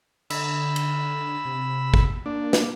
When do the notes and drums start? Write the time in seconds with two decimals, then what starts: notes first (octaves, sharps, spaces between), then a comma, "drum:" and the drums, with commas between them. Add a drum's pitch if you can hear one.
0.30 D3 B5 E6, drum: cymbal
0.76 drum: cymbal
1.45 C3
1.94 drum: kick G1
2.26 A#3 D4
2.53 drum: snare